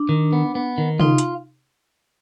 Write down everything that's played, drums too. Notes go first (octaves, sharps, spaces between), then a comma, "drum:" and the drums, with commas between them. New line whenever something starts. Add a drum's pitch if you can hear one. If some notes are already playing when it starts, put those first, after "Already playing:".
Already playing: D4
D#3
B3
B3
D#3
D#4 F4, drum: tom C3
drum: hi-hat